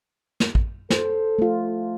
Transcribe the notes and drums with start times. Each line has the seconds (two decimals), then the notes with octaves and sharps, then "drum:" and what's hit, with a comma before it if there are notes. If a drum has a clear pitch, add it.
0.40 drum: snare
0.55 drum: kick
0.90 A4 C5, drum: snare
1.39 A3 F4